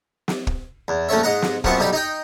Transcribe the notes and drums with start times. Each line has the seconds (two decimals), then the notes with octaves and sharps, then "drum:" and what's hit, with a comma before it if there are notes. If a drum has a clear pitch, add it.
0.28 drum: snare
0.47 drum: kick
0.88 E2
1.09 A#1 A3 C#4 C#5 E5
1.23 G#2 D#5 F#5 A#5
1.42 drum: snare
1.64 F#2 C3 F3 B3 F#5 C#6, drum: kick
1.79 B1 G3 D#4 G4 B5
1.93 D#4 D#5 G5